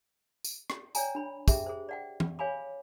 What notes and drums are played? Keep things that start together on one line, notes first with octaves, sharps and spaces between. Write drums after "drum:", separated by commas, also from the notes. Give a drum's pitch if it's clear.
drum: tambourine
drum: rim click
C#5 D5 G5 G#5 A#5, drum: tambourine
D4 B5
G4 G#4 E5 G5, drum: kick, tambourine
G#4 C5
D5 F#5 G5
drum: tom
C#5 F5 G#5 B5 D6